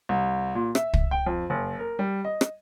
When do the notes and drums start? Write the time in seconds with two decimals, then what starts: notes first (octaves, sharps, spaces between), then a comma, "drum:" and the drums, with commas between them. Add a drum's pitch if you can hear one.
0.09 C2
0.55 A#2
0.75 E5, drum: rim click
0.93 drum: kick
1.11 G5
1.26 F2
1.50 F#1
1.79 A#4
1.99 G3
2.25 D#5
2.41 drum: rim click